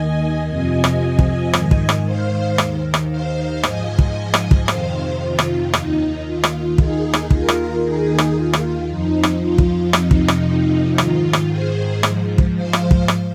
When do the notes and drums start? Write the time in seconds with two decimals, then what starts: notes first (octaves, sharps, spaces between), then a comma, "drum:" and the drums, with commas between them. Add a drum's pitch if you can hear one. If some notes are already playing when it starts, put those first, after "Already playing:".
Already playing: D#2 D#3 D#5 G#5
0.48 F2 C3 F3 D#5 G#5
0.84 drum: rim click
1.19 drum: kick
1.53 G#2 D#3, drum: rim click
1.71 drum: kick
1.89 drum: rim click
2.07 C5 F5
2.58 D#2, drum: rim click
2.63 D#3
2.94 drum: rim click
3.11 C5 F5
3.63 G#2 F3 D#5 G#5, drum: rim click
3.99 drum: kick
4.34 drum: rim click
4.51 drum: kick
4.68 F2 C3 D#3 C5 F5, drum: rim click
5.21 F4
5.39 drum: rim click
5.73 D#2 D#3 D#4, drum: rim click
6.27 F4
6.43 drum: rim click
6.78 D#2 D#3 D#4 G#4, drum: kick
7.13 drum: rim click
7.31 F4 A#4, drum: kick
7.48 drum: rim click
7.83 D#2 D#3 D#4 G#4
8.18 drum: rim click
8.35 F4
8.53 drum: rim click
8.88 F2 F3 D#4
9.23 drum: rim click
9.41 F4
9.58 drum: kick
9.93 F2 C3 F3 D#4, drum: rim click
10.11 drum: kick
10.28 drum: rim click
10.98 G#2 D#3 F4, drum: rim click
11.33 drum: rim click
11.50 G#4 C5
12.03 G#2 F3, drum: rim click
12.38 drum: kick
12.56 C5 F5
12.73 drum: rim click
12.91 drum: kick
13.08 drum: rim click